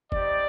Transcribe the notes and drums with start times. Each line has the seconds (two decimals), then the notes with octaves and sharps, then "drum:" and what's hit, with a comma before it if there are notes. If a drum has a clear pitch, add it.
0.12 C4 D#4 G4 D5, drum: kick